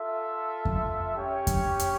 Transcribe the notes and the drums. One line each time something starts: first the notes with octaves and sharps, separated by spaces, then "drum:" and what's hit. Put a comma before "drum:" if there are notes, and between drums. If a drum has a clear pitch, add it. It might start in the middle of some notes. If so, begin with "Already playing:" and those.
Already playing: F4 A4 E5
drum: kick F2
C#4 G4 C#5 G5
drum: kick F2, hi-hat
drum: hi-hat